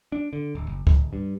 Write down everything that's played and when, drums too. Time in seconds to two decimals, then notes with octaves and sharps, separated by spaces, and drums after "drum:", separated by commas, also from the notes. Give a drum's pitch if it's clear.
0.12 D4
0.33 D3
0.55 D1
0.68 F#1
0.87 D1, drum: kick
1.13 G2